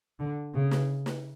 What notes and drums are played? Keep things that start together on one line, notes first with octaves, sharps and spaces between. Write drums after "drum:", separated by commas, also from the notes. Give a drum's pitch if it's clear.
D3
C#3
drum: snare
drum: snare